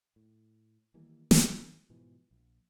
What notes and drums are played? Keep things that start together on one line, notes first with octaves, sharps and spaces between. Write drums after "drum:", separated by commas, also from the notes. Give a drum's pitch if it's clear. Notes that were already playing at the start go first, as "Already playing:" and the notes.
A2
D#3 E3 G3 A#3
D3, drum: snare
G#2 B2 E3 F3
A#1